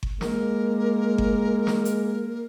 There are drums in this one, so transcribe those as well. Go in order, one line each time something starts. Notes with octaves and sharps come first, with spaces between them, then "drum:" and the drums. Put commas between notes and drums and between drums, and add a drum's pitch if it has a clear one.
drum: kick G1
G#3 A#3 A#4, drum: snare
drum: kick G1
drum: snare
drum: hi-hat